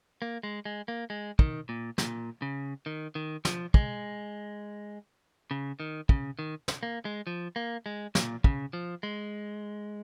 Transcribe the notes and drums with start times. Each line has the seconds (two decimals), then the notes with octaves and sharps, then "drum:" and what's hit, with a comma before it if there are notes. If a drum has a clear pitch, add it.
0.22 A#3
0.43 G#3
0.65 G#3
0.88 A#3
1.10 G#3
1.39 D#3, drum: kick
1.69 A#2
1.98 A#2, drum: snare
2.42 C#3
2.86 D#3
3.15 D#3
3.45 F3, drum: snare
3.74 G#3, drum: kick
5.51 C#3
5.80 D#3
6.09 C#3, drum: kick
6.39 D#3
6.68 drum: snare
6.83 A#3
7.05 G#3
7.27 F3
7.56 A#3
7.86 G#3
8.15 A#2, drum: snare
8.44 C#3, drum: kick
8.73 F3
9.03 G#3